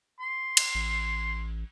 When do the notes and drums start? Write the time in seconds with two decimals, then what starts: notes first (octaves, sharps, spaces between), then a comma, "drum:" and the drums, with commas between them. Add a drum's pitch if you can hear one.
0.20 C6
0.57 drum: cymbal
0.75 A1